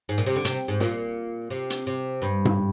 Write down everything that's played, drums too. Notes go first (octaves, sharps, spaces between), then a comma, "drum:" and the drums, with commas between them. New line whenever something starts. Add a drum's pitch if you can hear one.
G#2
A#2
C3
D3
C3, drum: hi-hat
G#2
A#2, drum: snare
C3
drum: hi-hat
C3
G2
drum: tom G#2